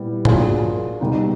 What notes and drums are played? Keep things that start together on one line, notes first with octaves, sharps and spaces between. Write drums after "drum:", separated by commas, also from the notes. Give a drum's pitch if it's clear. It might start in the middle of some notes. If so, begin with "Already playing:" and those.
Already playing: A#2 G3 B3 E4
F#3 A#3 D4 F4 G#4, drum: tom
B2 G3 A#3 D#4